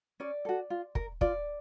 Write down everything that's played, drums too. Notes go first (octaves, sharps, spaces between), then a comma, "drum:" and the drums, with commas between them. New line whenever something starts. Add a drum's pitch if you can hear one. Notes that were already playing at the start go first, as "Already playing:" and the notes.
C#4 D5
F#4 A4
F4
A#4, drum: kick
F4 D5, drum: kick